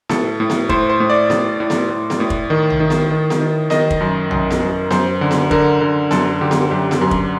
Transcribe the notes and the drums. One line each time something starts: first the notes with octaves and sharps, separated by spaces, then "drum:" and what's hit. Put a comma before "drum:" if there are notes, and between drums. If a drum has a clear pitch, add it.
A2 A4, drum: snare B3
A2
drum: snare B3
A2 C5, drum: kick
C5
A2
D5
A2, drum: snare B3
A2
drum: snare B3
A2
drum: snare B3
A2
drum: kick
D#3
drum: tom A#1
D#3
drum: snare B3
D#3
drum: snare B3
D#3
D#3 D#5, drum: snare B3
drum: kick
F#2
F#2, drum: tom A#1
drum: snare B3
F#2
F#2 C5, drum: snare B3
D3
drum: snare B3
D3 A#4, drum: kick
D3
F#2 A4, drum: snare B3
D3 G4
drum: snare B3
F#2 G4
drum: snare B3
F#2
drum: kick